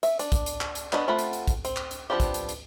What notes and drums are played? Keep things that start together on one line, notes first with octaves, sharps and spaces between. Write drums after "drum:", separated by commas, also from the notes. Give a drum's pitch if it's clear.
E5, drum: hi-hat
D4, drum: hi-hat
drum: kick, hi-hat
drum: hi-hat
drum: clap
drum: hi-hat
B3 D4 B4 C#5 D#5, drum: clap
A3 C4 F4 F#5 B5
drum: hi-hat
drum: hi-hat
drum: kick, hi-hat
C4, drum: hi-hat
drum: clap
drum: hi-hat
F3 B3 C4 D4 G4
drum: kick, hi-hat
drum: hi-hat
drum: hi-hat